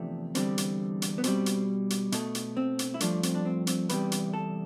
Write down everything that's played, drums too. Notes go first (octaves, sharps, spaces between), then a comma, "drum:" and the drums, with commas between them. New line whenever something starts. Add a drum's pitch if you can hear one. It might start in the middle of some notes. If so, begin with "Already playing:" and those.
Already playing: E2 C3 F3 A3 D4
E2 D3 G3 C4, drum: hi-hat
drum: hi-hat
drum: hi-hat
B3
B2 G3 C4, drum: hi-hat
drum: hi-hat
drum: hi-hat
B2 A3, drum: hi-hat
drum: hi-hat
C4
drum: hi-hat
E4
G2 F3 A3 D4, drum: hi-hat
C4, drum: hi-hat
D4
C4
C4, drum: hi-hat
E2 C3 G3 B4, drum: hi-hat
drum: hi-hat
A4